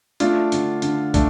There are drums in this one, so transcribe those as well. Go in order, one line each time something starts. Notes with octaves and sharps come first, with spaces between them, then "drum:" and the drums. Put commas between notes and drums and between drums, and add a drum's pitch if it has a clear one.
A3 D4 F4, drum: hi-hat
D3, drum: hi-hat
D3, drum: hi-hat
A3 D4, drum: kick, hi-hat